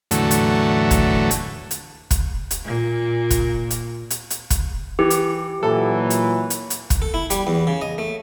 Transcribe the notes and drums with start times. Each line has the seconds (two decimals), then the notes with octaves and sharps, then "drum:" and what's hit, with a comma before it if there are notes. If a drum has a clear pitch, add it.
0.11 E2 A2 D3 F#3 A3, drum: hi-hat
0.31 drum: hi-hat
0.91 drum: kick, hi-hat
1.31 drum: hi-hat
1.71 drum: hi-hat
2.11 drum: kick, hi-hat
2.51 drum: hi-hat
2.65 A#2
3.31 drum: kick, hi-hat
3.70 drum: hi-hat
4.10 drum: hi-hat
4.30 drum: hi-hat
4.50 drum: kick, hi-hat
4.99 E3 G4
5.10 drum: hi-hat
5.63 A#2 E3 F#3 A4
6.10 drum: hi-hat
6.50 drum: hi-hat
6.70 drum: hi-hat
6.90 drum: kick, hi-hat
7.02 A4
7.14 E4
7.30 G3, drum: hi-hat
7.47 E2
7.67 C#3
7.81 D#5
7.98 A3